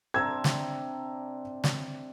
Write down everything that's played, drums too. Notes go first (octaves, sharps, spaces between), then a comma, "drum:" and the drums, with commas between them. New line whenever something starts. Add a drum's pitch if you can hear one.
C3 D4 C5 A#5 E6 G#6
drum: snare
drum: snare